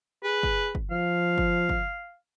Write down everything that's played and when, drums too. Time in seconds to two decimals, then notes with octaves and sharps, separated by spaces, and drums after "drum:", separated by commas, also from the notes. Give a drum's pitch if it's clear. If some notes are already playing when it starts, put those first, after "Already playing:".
0.23 G#4 B4
0.43 drum: kick
0.75 drum: kick
0.91 F3 F5
1.38 drum: kick
1.69 drum: kick